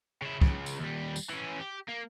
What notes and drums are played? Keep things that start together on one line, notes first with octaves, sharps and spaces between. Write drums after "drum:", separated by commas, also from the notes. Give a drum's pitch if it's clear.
C#3 E4
C#2 C#3, drum: kick
drum: tambourine
D#2 G3
drum: tambourine
E3 C#4
G4
A#3